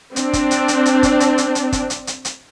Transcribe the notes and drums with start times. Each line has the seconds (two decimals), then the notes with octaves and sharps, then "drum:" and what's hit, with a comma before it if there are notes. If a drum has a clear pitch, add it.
0.16 C4 D4, drum: hi-hat
0.33 drum: kick, hi-hat
0.51 drum: hi-hat
0.68 drum: hi-hat
0.86 drum: hi-hat
1.03 drum: kick, hi-hat
1.20 drum: hi-hat
1.38 drum: hi-hat
1.55 drum: hi-hat
1.72 drum: kick, hi-hat
1.90 drum: hi-hat
2.07 drum: hi-hat
2.25 drum: hi-hat